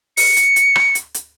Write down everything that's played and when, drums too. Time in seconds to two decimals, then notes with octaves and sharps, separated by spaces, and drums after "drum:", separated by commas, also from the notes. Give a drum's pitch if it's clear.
0.17 C#7, drum: open hi-hat
0.37 drum: hi-hat
0.56 drum: hi-hat
0.76 drum: rim click
0.95 drum: hi-hat
1.14 drum: hi-hat